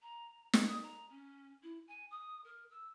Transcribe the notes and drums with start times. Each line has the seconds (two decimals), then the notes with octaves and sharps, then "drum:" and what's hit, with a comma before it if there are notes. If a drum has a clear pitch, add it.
0.01 A#5
0.53 drum: snare
0.67 D#6
0.83 A#5
1.09 C#4
1.63 E4
1.87 G#5
2.10 D#6
2.44 A#4
2.70 E6